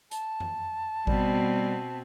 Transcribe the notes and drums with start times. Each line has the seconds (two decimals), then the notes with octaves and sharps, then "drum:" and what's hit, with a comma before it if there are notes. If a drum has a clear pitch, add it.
0.11 A5, drum: hi-hat
0.40 drum: tom F#2
1.07 B2 G3 B3 C4, drum: kick G#1